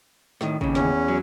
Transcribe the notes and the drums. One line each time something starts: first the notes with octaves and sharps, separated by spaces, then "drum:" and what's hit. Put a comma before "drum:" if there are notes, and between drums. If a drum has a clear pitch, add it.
A2 D#3, drum: snare
D#2 C#3, drum: kick
E2 C#4, drum: snare
F#3